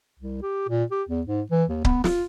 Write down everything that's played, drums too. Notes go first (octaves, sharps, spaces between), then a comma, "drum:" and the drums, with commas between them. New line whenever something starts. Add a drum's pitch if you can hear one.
C2
G4
A#2
G4
E2
G#2
E3
D#2
B3, drum: kick C#1
F4, drum: snare